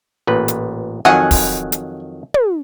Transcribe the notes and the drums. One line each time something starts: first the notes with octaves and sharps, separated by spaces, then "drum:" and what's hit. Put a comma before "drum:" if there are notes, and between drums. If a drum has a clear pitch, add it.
A1 A#2 B4
drum: hi-hat
F2 D#3 F#3 F#5 G#5
drum: kick, open hi-hat
drum: hi-hat
drum: tom